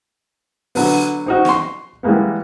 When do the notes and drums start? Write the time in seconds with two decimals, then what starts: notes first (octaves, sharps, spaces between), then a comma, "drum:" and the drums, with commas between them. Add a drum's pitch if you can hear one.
0.75 D3 F#3 B3, drum: open hi-hat
1.26 C4 D#4 F#4
1.45 C6 C#6, drum: snare
2.03 E3 G3 G#3 A#3 B3